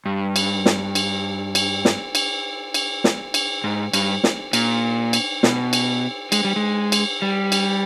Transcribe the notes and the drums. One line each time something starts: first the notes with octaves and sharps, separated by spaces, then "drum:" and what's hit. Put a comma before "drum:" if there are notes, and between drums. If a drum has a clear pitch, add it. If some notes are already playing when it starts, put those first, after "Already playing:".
G2
drum: cymbal
drum: snare
drum: cymbal
drum: cymbal
drum: snare
drum: cymbal
drum: cymbal
drum: snare
drum: cymbal
G#2
G2, drum: cymbal
drum: snare
A#2, drum: cymbal
drum: cymbal
B2, drum: snare
drum: cymbal
G#3, drum: cymbal
G3
G#3
drum: cymbal
G3
drum: cymbal